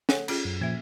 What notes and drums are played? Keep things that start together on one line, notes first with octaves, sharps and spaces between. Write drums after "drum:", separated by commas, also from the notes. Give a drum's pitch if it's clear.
A4 C#5 F#5, drum: snare
C#4 F4 G#4, drum: cymbal
F#2
A#2 F3 A#3 E5 G#6